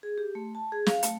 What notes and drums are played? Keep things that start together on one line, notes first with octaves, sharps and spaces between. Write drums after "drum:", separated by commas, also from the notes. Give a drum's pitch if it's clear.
G#4
G4
A3
A5
G#4
F5, drum: snare
A3, drum: hi-hat